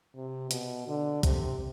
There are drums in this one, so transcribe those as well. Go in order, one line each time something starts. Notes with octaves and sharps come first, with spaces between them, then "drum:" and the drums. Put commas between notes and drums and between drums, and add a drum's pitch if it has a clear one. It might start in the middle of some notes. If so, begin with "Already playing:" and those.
C3
B2, drum: hi-hat
D3
C3, drum: kick, hi-hat